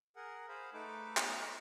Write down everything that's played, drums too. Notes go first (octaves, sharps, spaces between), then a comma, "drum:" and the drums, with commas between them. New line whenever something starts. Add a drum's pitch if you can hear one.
G#4 A#4 F#5
G#4 C5 F5 B5
A3 D#4 A4 B4 D6
B3 G#4 C5 A#5 D6, drum: clap
D#5 B5 C#6 D6